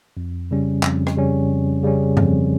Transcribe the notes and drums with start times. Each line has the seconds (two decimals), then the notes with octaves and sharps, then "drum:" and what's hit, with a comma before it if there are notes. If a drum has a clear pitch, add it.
0.17 F2
0.51 C#3 G3 C#4
0.83 F2, drum: clap
1.07 drum: rim click
1.17 C#3 G3 C#4
1.49 F2
1.83 C#3 G3 C#4
2.17 F2, drum: tom G2